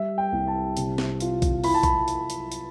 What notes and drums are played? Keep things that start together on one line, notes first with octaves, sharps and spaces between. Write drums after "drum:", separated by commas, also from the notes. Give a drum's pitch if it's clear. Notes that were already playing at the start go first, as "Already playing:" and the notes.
Already playing: G3 E5
G5
C2
A5
C3, drum: hi-hat
drum: snare
F4, drum: hi-hat
drum: kick B1, hi-hat
E4 B5, drum: open hi-hat
A5
B5, drum: kick B1, hi-hat
drum: hi-hat
drum: hi-hat
drum: hi-hat